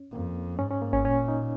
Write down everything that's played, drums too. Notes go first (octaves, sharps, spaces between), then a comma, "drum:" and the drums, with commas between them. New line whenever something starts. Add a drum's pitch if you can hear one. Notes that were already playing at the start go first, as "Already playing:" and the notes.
Already playing: C#4
F2 A#3
G#2 C#4
C#4
A#3
C#4, drum: kick G#1
A#2 C#4
D#4